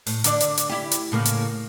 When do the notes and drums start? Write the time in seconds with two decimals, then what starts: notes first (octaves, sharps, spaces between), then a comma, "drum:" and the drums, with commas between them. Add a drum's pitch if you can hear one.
0.07 A2, drum: open hi-hat
0.24 D3 D4 D5, drum: hi-hat
0.40 drum: hi-hat
0.57 drum: hi-hat
0.69 E4 G4
0.91 drum: hi-hat
1.12 A2 C#3 A#3
1.25 drum: hi-hat